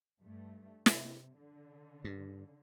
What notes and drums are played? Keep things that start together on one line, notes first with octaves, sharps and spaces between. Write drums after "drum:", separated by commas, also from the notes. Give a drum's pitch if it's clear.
G2 A3
C3, drum: snare
D3
G2